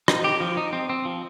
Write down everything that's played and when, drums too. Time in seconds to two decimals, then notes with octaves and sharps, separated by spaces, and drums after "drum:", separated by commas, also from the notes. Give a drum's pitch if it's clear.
0.08 D#4, drum: rim click
0.24 G4
0.40 F3
0.57 D#4
0.73 C4
0.90 C4
1.05 F3